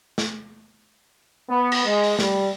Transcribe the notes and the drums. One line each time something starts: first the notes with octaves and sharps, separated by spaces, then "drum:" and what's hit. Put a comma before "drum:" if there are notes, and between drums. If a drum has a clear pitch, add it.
drum: snare
B3
drum: cymbal
G#3
drum: open hi-hat
G3, drum: snare